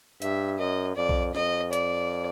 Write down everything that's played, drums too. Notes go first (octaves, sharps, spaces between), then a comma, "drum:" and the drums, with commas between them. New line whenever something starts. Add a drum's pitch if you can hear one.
G2 E5, drum: hi-hat
F#2 D#5
F2 D5
drum: kick B1
F2 D#5, drum: snare
D5, drum: hi-hat